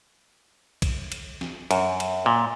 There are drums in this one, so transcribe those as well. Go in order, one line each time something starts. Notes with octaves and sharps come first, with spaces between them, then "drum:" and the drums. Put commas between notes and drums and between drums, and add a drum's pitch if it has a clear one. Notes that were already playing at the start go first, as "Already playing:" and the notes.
drum: kick, cymbal
drum: cymbal
drum: snare
F#2, drum: cymbal
drum: cymbal
A#2